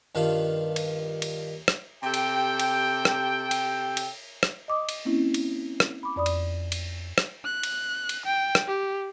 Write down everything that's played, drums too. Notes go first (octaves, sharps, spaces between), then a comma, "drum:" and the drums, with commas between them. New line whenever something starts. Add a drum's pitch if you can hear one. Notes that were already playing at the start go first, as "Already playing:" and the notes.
G2 D#3 F4
drum: cymbal
drum: cymbal
drum: rim click
C3 G4 A4 G5
drum: cymbal
drum: cymbal
drum: rim click
drum: cymbal
drum: cymbal
drum: rim click
D#5 D6 D#6
drum: cymbal
A#3 C4 C#4 E4
drum: cymbal
drum: rim click
B5 D6
F2 D5 B5 D#6
drum: cymbal
drum: cymbal
drum: rim click
F#6
drum: cymbal
drum: cymbal
G5
drum: rim click
G4